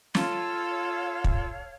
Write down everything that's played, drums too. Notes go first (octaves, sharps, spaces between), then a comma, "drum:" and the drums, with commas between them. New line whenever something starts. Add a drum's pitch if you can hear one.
F4 A4 C#5 F5, drum: snare
drum: kick